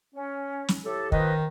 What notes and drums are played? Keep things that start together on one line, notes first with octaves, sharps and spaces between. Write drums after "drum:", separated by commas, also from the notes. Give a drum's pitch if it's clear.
C#4
drum: snare
A2 G4 A4
D#3 F3 B4 D#5, drum: kick